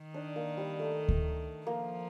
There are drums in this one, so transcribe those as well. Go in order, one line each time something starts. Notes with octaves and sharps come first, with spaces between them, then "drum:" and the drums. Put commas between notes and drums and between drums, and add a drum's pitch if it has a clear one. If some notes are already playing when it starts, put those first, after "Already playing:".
Already playing: D#3
D4
A#3
G3
A3
drum: kick D2
F3 A#3